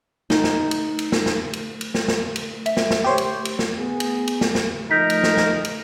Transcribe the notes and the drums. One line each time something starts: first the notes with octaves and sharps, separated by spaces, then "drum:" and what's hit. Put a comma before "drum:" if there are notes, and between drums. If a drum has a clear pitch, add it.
D#4, drum: snare
drum: snare
drum: cymbal
drum: cymbal
drum: snare
drum: snare
drum: cymbal
drum: cymbal
drum: snare
drum: snare
drum: cymbal
E5, drum: cymbal
drum: snare
drum: snare
G4 C5 C#5
drum: cymbal
drum: cymbal
drum: snare
B3 G#4
drum: cymbal
drum: cymbal
drum: snare
drum: snare
F3 A3 D#4 A#4 G6 B6
drum: cymbal
drum: snare
drum: snare
drum: cymbal